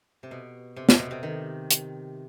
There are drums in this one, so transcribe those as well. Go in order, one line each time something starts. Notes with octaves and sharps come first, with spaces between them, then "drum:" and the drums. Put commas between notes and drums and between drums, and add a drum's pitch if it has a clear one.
C3
B2
C3
C3, drum: snare
B2
C3
D#3
drum: hi-hat